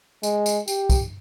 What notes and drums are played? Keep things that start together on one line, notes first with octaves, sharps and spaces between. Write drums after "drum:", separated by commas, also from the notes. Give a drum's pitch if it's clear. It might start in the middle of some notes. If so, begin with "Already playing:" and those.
G#3, drum: tambourine
drum: tambourine
G4, drum: tambourine
drum: kick, tambourine